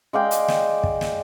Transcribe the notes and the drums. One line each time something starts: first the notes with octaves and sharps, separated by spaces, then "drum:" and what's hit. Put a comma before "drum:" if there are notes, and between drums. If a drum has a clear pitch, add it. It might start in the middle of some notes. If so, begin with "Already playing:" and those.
G#3 D5 F5 G5
drum: hi-hat
drum: snare
drum: kick
drum: snare